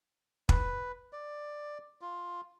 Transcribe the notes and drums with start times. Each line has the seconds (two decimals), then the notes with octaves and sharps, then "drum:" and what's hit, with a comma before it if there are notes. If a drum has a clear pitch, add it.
0.49 B4, drum: kick
1.13 D5
2.01 F4